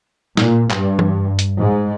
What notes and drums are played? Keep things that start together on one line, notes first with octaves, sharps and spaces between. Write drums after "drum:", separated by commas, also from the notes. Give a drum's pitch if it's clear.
A#2, drum: snare
G2, drum: clap
drum: tom E3
drum: hi-hat
G#2